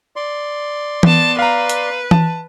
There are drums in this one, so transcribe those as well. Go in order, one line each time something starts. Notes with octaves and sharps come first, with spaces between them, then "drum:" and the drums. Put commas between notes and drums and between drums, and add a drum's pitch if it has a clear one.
D5 C6
B3 A5, drum: tom E3
B4 F5 A#5
drum: hi-hat
A5, drum: tom E3